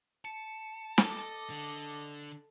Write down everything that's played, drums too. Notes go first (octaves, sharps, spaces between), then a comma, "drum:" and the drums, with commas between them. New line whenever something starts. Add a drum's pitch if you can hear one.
A5 C#7
A4 D#5 D6, drum: snare
D3